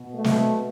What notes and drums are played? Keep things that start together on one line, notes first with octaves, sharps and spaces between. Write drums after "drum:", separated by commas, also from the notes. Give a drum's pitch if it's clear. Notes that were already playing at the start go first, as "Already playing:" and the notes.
Already playing: B2
A3
drum: snare